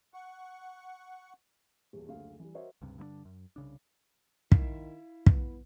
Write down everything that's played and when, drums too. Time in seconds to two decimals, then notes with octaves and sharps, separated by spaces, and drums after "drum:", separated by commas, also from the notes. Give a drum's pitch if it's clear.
0.14 F#5 C#6
1.93 D#1 E2
2.07 F#1 D2 F5
2.40 E3 G3
2.54 F#4 A#4 C5 C#5 D#5 E5
2.82 C#2 G2 C3
2.98 G2 D3 A3 D4
3.25 F#2
3.56 C2 C#3 D4
4.52 D#3 E4 E5 F5, drum: kick
5.26 B3, drum: kick